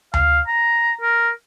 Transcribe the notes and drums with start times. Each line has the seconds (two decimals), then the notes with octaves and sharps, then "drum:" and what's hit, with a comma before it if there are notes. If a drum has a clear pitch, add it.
0.14 F5, drum: tom D2
0.47 A#5
1.01 A#4